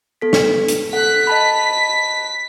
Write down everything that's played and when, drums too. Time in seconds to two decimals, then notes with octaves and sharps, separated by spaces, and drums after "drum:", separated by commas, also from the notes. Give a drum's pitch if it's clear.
0.22 B3 A4 B6
0.33 drum: snare
0.68 drum: hi-hat
0.93 A4 F#5 F#6 B6
1.27 D#5 A5 B5 B6